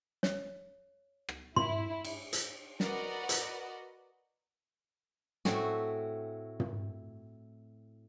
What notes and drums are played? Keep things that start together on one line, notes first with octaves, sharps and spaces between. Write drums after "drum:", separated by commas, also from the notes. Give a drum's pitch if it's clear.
C#5, drum: snare
drum: rim click
E4 C6, drum: tom
drum: cymbal
drum: hi-hat
F#4 A#4 B4 D5 D#5 F#5, drum: snare
drum: hi-hat
A2 A3 C4 F#4 G#5, drum: snare
drum: tom